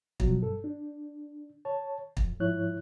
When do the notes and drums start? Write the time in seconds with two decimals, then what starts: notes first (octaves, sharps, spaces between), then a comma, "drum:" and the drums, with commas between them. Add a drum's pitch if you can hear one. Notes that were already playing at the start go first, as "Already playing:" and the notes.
0.20 B2 F3 F#3, drum: kick
0.42 G2 A4
0.64 D4
1.65 C#5 A5
2.17 F2, drum: kick
2.40 G#2 F3 E4 C#5 F#6